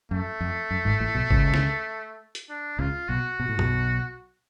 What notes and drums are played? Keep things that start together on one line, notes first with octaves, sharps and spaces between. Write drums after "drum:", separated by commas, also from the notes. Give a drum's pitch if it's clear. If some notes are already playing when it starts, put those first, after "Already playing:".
F#2 A3
F2
F#2
G#1 G#2
A1 A2
B1 B2
C#2 C#3, drum: kick G1
drum: snare
drum: hi-hat
D4
C#2 C#3 F4
B1 B2 F#4
B2
A2
B1 B2, drum: tom